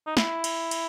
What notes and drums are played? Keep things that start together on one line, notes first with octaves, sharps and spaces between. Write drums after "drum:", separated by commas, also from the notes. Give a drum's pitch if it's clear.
D#4
E4, drum: snare
drum: cymbal
drum: cymbal